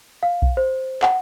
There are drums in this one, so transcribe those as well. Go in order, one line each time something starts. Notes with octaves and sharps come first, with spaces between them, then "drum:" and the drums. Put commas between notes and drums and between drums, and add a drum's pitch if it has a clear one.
F5
drum: kick B1
C5
F#5, drum: clap